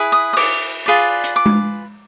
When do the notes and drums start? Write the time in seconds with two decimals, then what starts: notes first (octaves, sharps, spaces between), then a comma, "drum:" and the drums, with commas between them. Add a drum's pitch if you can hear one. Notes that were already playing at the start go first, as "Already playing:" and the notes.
Already playing: E4 G#4 B4
0.12 D#6
0.33 D#6
0.37 D6, drum: cymbal
0.86 F4 G#4 B4 D5
1.24 drum: hi-hat
1.36 D6
1.46 drum: tom G#3